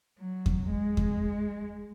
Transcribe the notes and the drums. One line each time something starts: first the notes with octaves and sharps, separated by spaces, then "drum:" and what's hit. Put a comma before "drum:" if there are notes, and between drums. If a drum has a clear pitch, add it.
F#3
drum: kick E2
G#3
drum: kick E2